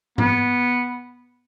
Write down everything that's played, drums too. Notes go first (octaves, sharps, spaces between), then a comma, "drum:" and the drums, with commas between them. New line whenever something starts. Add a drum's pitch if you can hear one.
B3, drum: tom G#2